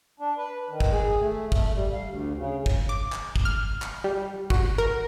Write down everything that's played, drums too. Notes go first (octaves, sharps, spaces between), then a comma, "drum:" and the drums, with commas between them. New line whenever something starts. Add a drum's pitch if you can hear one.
D4
B4
D#3
drum: kick
G#4
A3
A3, drum: kick
G3
F5
D2
C#3
drum: kick
D6
drum: clap
drum: kick
F6
drum: clap
G3
F#4, drum: kick
A#4